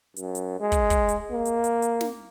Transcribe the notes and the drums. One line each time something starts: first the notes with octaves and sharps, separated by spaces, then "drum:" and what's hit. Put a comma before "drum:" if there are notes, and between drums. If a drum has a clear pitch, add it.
F#2, drum: hi-hat
drum: hi-hat
G#3
drum: kick, hi-hat
drum: kick, hi-hat
drum: hi-hat
A#3
drum: hi-hat
drum: hi-hat
drum: hi-hat
drum: snare